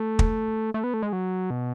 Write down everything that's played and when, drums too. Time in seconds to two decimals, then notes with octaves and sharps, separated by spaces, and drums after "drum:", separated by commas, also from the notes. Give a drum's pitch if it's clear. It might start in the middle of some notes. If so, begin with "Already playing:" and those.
Already playing: A3
0.19 drum: kick
0.74 A3
0.84 B3
0.94 A3
1.02 G#3
1.13 F#3
1.50 B2